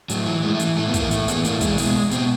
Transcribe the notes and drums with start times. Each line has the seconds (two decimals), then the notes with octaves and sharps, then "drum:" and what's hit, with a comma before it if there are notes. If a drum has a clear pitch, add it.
0.09 A2 F#3, drum: hi-hat
0.26 E3
0.43 A2 G#3
0.54 A3
0.59 E3, drum: hi-hat
0.77 A2 A3
0.88 B3
0.94 E3 A3, drum: kick, hi-hat
1.00 A#3
1.11 A2 A3, drum: hi-hat
1.28 E3 B3, drum: hi-hat
1.44 A2 A#3, drum: hi-hat
1.61 E3 G#3, drum: kick, hi-hat
1.78 B2 G#3, drum: open hi-hat
2.11 B2 C4, drum: hi-hat